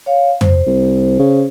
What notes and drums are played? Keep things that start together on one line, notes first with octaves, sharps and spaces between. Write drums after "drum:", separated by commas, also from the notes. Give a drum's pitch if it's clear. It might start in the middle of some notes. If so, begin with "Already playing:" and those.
C#5 F5
C5, drum: tom
C2
C#3